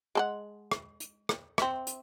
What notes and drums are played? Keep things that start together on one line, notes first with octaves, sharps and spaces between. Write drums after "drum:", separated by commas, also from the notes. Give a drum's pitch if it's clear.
G#3 A4 F#5
drum: rim click
drum: hi-hat
drum: rim click
C4 E5, drum: rim click
drum: hi-hat